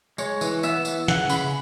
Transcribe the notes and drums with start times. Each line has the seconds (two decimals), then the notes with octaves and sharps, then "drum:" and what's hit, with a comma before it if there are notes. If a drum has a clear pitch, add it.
0.18 G#3 C#5, drum: tambourine
0.41 E3, drum: tambourine
0.63 B3 E5, drum: tambourine
0.85 E3, drum: tambourine
1.08 C#3 F#5, drum: snare
1.30 C#3 B5, drum: tambourine